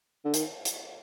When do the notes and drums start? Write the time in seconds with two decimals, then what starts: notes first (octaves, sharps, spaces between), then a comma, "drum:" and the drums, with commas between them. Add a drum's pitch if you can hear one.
0.25 D3
0.34 D#3, drum: hi-hat
0.65 drum: hi-hat